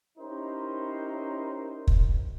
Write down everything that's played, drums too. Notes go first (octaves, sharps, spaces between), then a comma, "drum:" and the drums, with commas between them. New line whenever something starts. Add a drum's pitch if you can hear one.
C#4 D#4 E4 G4 A#4 C5
drum: kick